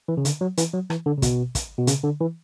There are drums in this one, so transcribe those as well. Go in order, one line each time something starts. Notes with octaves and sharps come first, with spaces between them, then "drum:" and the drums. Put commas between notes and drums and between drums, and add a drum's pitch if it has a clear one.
E3
C#3
D3, drum: hi-hat
F#3
E3, drum: hi-hat
F#3
E3, drum: rim click
D3
C#3
B2, drum: kick, hi-hat
drum: kick, hi-hat
B2
C#3, drum: hi-hat
D3
E3